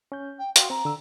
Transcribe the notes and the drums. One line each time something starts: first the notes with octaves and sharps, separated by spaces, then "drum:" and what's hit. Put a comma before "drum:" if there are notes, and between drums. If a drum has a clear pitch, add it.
C#4 G6
G5
F#4 F5 G5 C6, drum: hi-hat
C4 A#5
D3 E6